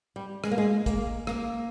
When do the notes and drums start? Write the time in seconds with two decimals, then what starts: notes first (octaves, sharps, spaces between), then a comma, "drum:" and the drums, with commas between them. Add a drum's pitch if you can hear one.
0.16 G3
0.44 G#3, drum: rim click
0.51 A#3
0.58 G#3
0.86 A#3, drum: kick, hi-hat
1.27 A#3, drum: rim click